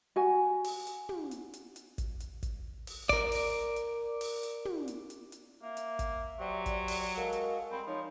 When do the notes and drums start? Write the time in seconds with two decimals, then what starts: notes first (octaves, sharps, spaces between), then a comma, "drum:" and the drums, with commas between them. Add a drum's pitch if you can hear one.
0.16 F#4 G#5
0.64 drum: open hi-hat
0.87 drum: hi-hat
1.09 drum: tom
1.31 drum: hi-hat
1.54 drum: hi-hat
1.76 drum: hi-hat
1.98 drum: kick, hi-hat
2.20 drum: hi-hat
2.43 drum: kick, hi-hat
2.87 drum: open hi-hat
3.09 A#4 D5, drum: kick, hi-hat
3.32 drum: open hi-hat
3.76 drum: hi-hat
4.21 drum: open hi-hat
4.43 drum: hi-hat
4.65 drum: tom
4.88 drum: hi-hat
5.10 drum: hi-hat
5.32 drum: hi-hat
5.62 A#3 E5
5.77 drum: hi-hat
5.99 drum: kick, hi-hat
6.39 F#3 G4 C5 D5
6.66 drum: kick, hi-hat
6.88 drum: open hi-hat
7.16 G#3 F#4 A4 A#4 F5
7.33 drum: hi-hat
7.71 G3 G#3 C4 B5
7.87 F3 D#4 C#5